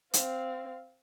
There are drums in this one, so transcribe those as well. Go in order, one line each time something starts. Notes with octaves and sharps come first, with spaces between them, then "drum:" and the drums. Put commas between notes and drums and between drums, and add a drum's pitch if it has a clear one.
C4 F5, drum: hi-hat